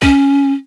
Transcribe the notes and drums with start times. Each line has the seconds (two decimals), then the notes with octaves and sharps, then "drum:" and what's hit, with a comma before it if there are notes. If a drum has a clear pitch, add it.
0.02 C#4, drum: kick